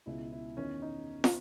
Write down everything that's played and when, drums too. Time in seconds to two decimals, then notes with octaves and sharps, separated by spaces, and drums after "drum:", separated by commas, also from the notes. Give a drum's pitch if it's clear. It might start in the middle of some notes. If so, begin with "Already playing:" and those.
0.06 C#2 B2 E4
0.32 E4
0.57 E2 D#3 C#4
0.82 D#4
1.24 drum: snare